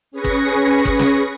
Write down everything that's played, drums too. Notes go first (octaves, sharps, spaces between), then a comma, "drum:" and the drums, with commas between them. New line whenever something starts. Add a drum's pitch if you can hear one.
C#4 G#4 B4 C#6 A#6
drum: kick
drum: kick
drum: snare